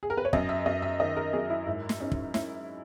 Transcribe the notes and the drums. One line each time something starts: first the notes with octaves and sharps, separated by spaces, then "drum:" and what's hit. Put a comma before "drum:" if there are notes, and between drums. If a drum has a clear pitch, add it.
G#4
A#4
B4
C#5
F#2 D#5, drum: kick
E5
F#2 D#5
E5
D#3 D#5
A#4
F#2 G#4
E4
G#2 E4
drum: snare
C#4 D#4
drum: kick
C#4 E4, drum: snare